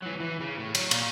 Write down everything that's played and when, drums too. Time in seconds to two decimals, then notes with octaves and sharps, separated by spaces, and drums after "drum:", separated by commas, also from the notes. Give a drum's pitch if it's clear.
0.03 E3 F#3
0.20 E3
0.40 C#3
0.59 A2
0.75 F#3, drum: cymbal
0.91 A#2, drum: cymbal